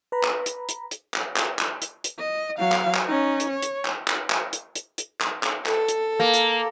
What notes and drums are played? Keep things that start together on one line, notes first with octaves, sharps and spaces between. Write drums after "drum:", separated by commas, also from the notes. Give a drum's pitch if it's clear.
B4 A#5 B5
drum: clap
drum: hi-hat
drum: hi-hat
drum: hi-hat
drum: clap
drum: clap
drum: clap
drum: hi-hat
drum: hi-hat
D#5
F#3 F5
drum: clap
drum: clap
C#4 D#4
drum: hi-hat
C#5
drum: hi-hat
drum: clap
drum: clap
drum: clap
drum: hi-hat
drum: hi-hat
drum: hi-hat
drum: clap
drum: clap
A4, drum: clap
drum: hi-hat
A#3
drum: hi-hat